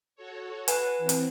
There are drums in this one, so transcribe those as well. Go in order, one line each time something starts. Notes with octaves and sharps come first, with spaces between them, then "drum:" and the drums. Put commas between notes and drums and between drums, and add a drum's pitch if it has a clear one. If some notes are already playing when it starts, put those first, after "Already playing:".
F#4 A4 C#5
B4 F#5 G#5, drum: hi-hat
E3 C4
drum: hi-hat